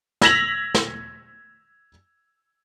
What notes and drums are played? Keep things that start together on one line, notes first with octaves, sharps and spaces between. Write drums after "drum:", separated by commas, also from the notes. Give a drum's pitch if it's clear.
E6 G#6 A#6 B6 F7 F#7, drum: snare
drum: snare